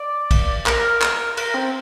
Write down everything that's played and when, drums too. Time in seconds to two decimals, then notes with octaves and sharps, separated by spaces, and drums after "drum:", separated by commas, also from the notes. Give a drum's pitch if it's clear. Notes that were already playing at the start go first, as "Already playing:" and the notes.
Already playing: D5
0.31 drum: kick, cymbal
0.66 A#4, drum: clap
1.01 drum: clap
1.37 A#4, drum: cymbal
1.54 C4